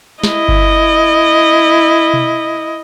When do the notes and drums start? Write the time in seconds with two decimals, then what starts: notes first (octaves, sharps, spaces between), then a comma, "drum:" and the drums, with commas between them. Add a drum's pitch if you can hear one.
0.24 E4 D#5, drum: snare
0.48 drum: kick G1
2.13 drum: tom B2